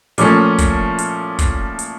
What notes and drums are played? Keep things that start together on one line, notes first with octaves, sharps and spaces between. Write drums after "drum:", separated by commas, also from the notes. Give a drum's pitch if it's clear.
A#2 F3 A3 C#4, drum: hi-hat
drum: kick, hi-hat
drum: hi-hat
drum: kick, hi-hat
drum: hi-hat